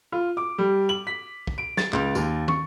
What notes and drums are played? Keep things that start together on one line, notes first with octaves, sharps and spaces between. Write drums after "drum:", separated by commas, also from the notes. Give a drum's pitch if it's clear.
F4
D6
G3
F#7
B6
drum: kick
D7
A6, drum: snare
C#2, drum: clap
D#2, drum: tambourine
C#6, drum: tom